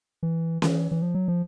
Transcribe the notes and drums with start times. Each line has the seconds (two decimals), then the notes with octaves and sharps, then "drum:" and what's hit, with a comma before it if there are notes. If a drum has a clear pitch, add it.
0.23 E3
0.62 E3, drum: snare C#4
0.91 E3
1.02 F3
1.14 F#3
1.28 F3